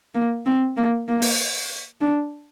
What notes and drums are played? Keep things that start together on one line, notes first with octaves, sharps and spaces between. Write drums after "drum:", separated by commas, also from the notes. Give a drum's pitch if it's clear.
A#3
C4
A#3
A#3
drum: open hi-hat
D4